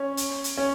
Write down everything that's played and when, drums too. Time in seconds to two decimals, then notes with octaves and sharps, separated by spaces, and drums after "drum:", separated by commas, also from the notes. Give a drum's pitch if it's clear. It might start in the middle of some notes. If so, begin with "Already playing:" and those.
Already playing: C#4
0.17 drum: hi-hat
0.44 drum: hi-hat
0.57 C#4